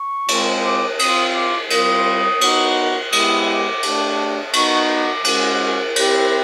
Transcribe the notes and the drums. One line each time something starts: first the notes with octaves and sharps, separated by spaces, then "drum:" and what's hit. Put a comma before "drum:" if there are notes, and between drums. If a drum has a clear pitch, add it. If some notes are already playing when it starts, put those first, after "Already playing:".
Already playing: C#6
G#3 C4 F4, drum: cymbal
D6
C4 F4 D#6, drum: cymbal
D6
G3 C4 F4 D#6, drum: cymbal
B3 D#4 F#4, drum: cymbal
G#3 B3 E4 G4 D#6, drum: cymbal
D6
A3 D4 G4, drum: cymbal
B3 D#4 F#4 C#6, drum: cymbal
D6
G#3 C#4 F#4, drum: cymbal
C4 E4 G4, drum: cymbal